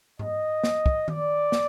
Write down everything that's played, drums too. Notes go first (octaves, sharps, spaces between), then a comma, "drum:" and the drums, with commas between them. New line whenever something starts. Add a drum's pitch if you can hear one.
D#5, drum: tom G#2
drum: snare
drum: kick
D5, drum: tom D#3
drum: snare